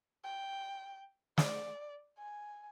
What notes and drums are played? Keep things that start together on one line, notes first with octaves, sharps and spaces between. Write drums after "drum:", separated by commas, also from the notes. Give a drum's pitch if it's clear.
G5
D5, drum: snare
G#5